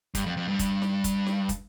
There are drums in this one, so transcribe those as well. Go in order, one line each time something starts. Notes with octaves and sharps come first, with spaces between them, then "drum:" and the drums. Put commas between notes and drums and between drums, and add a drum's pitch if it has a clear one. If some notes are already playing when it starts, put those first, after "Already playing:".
G2, drum: kick, hi-hat
F2
F2
G2
drum: kick, hi-hat
drum: snare
drum: kick, hi-hat
drum: snare
drum: kick, hi-hat